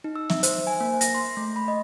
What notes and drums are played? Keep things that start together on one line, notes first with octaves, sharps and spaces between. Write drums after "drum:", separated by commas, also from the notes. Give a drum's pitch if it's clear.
D#4
E6
E5, drum: snare
C5, drum: hi-hat
G#5
A#3
A#6, drum: hi-hat
C6
A3
B5
D#5